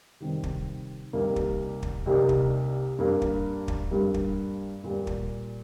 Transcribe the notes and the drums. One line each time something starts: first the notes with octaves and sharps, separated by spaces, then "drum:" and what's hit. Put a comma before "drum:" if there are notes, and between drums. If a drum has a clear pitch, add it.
C3 D#3 G3 C4
drum: kick
C2 C3 G3 A#3 D#4
drum: kick
drum: kick
C2 C3 G3 A#3 D#4
drum: kick
G2 G3 A#3
drum: kick
drum: kick
G2 G3 A#3
drum: kick
A#2 G3 A#3
drum: kick